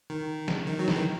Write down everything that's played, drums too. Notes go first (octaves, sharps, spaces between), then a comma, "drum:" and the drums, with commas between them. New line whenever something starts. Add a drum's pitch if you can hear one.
D#3
drum: snare
D#3
F#3
E3, drum: snare
D#3